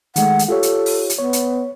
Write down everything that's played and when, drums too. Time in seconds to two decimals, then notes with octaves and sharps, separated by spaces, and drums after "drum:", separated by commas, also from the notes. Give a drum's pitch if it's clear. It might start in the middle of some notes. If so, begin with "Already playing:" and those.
0.16 D#3 G#3 A3 F#5, drum: hi-hat
0.39 drum: hi-hat
0.48 F4 G4 A4 C#5
0.63 drum: hi-hat
0.86 drum: open hi-hat
1.10 drum: hi-hat
1.19 B3 C#5
1.33 drum: hi-hat